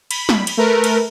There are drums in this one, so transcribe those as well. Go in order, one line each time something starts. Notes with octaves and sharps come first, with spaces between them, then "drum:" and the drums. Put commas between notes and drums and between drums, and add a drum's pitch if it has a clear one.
B5, drum: cymbal
drum: snare
drum: cymbal
A3 A#4 B4
drum: cymbal